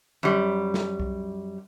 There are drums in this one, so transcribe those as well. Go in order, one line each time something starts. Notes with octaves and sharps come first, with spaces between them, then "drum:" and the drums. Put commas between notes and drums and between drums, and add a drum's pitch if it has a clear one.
F#2 G3
drum: snare
drum: kick C2